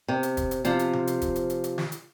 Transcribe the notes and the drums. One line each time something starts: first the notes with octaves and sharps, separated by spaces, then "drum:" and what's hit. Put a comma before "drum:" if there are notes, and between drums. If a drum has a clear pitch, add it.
C3
drum: hi-hat
drum: kick, hi-hat
drum: hi-hat
C3 F3, drum: hi-hat
drum: hi-hat
drum: tom C3
drum: hi-hat
drum: kick, hi-hat
drum: hi-hat
drum: hi-hat
drum: hi-hat
drum: snare
drum: hi-hat